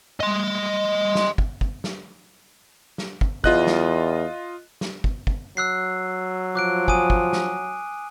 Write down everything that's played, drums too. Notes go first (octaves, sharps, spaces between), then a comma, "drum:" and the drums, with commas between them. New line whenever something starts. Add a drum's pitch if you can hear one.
D#5 C6
drum: snare
drum: kick
drum: kick
drum: snare
drum: snare
drum: kick
E2 F4 D#5 F#6, drum: kick
drum: snare
drum: snare
drum: kick
drum: kick
F#3 E6 F#6 C7
F3 D6 F#6 D7
G#5 D#6 D#7, drum: kick
drum: kick
drum: snare